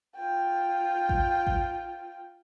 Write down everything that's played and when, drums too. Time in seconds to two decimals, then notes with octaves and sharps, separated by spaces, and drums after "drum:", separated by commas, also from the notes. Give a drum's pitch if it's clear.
0.16 F4 G5
1.09 drum: kick A1
1.47 drum: kick A1